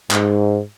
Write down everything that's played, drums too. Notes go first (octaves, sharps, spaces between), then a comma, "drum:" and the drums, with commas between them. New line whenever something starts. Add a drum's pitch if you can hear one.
G#2, drum: clap